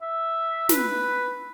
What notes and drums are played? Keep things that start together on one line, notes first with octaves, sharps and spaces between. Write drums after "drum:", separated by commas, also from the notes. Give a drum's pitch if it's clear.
E5
B4, drum: snare